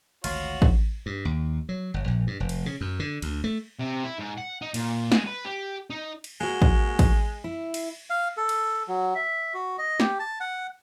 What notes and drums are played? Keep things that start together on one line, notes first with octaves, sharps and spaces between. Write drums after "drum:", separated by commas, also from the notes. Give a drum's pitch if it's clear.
G#1 D2 F4 F#4 C#5, drum: cymbal
drum: kick
G2
D#2
F#3
G1
A#1
G2
F1
drum: cymbal
C#3
F#2
D3
D2, drum: cymbal
A3
C3
E4
G#2
F#5
D#4
A#2, drum: cymbal
G#3, drum: snare
B4
G4
D#4
drum: cymbal
G#3 A#3 F#4
drum: kick
drum: kick, cymbal
E4
drum: cymbal
F5
A4
drum: cymbal
F#3
E5
F#4
D#5
G4, drum: snare
A5
F#5